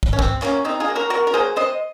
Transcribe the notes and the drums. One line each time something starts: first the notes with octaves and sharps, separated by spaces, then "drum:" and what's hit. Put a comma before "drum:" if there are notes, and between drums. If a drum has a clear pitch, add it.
drum: kick
C#4
C3 C4, drum: kick
F#3 A#3 C#4, drum: clap
C3 C4 D#4
F4 G#4
F#3 A#3
F#4 A#4
C3 F#4 A#4
A#4
F#3 A#3 G#4 C5
C3 C5 D#5